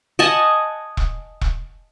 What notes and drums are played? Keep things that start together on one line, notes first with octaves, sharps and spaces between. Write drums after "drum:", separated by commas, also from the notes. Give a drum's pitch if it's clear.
D#5 F#5 G#5 A5
drum: kick E1
drum: kick E1